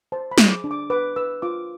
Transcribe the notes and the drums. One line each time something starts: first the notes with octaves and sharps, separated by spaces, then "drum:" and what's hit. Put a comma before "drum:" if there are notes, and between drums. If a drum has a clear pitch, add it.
C5 A5
B5
G#4, drum: snare
D6
D4
D6
B4 D6
B4 E6
F4 D6